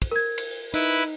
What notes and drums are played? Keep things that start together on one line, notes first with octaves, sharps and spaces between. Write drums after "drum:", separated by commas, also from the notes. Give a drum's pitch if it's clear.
drum: kick, cymbal
A#4 G#6
drum: cymbal
D#4 E4 B4, drum: cymbal